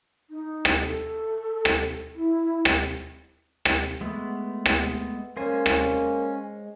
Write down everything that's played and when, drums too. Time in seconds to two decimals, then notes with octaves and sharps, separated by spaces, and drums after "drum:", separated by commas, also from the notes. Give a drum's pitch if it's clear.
0.30 D#4
0.65 drum: rim click
0.82 A4
1.65 drum: rim click
2.15 E4
2.65 drum: rim click
3.65 drum: rim click
4.01 G#3 A3 B3
4.66 drum: rim click
5.37 G#3 A#3 C#4 C5 G#5
5.66 drum: rim click